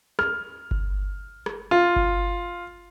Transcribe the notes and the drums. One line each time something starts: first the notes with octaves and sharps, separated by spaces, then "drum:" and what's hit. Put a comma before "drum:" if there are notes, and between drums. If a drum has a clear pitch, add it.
F6, drum: rim click
drum: kick G1
drum: rim click
F4
drum: kick G1